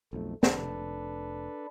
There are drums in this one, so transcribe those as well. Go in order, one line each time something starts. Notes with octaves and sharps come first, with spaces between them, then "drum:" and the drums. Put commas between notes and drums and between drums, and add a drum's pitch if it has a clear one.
B1 F2 A3
F1 D4 A4 B4, drum: snare